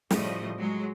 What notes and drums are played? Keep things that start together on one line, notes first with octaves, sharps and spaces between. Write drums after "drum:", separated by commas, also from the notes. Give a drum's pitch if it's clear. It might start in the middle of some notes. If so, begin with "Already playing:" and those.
A2 C#3 F3 G3 D#5, drum: snare
F#3 G#3